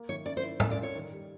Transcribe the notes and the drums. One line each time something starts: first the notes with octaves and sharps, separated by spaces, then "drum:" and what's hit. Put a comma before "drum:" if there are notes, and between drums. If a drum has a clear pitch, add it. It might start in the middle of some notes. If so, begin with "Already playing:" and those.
Already playing: A#3
D#3 C#5
C#4 D5
C5
E4
C#4 A4, drum: tom
D5
F4
C#5
D#3
G3